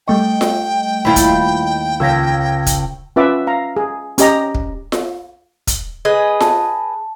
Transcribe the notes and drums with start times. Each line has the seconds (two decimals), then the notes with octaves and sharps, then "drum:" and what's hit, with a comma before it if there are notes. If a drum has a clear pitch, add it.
0.08 G3 A3 D#5 G5 C#6
0.41 drum: snare F4
1.05 D#2 E4 F4 B5 G6 C7
1.16 drum: kick, hi-hat
2.00 C#2 F5 E6 G#6 A#6 B6
2.66 drum: kick, hi-hat
3.16 C#4 F4 B4 E5 F#5 D6
3.47 F5 A#5
3.77 G#4
4.18 C#4 G4 D#5 A#5, drum: hi-hat
4.55 drum: kick
4.92 drum: snare F4
5.67 drum: kick, hi-hat
6.05 G#4 B4 D#5
6.40 A5, drum: snare F4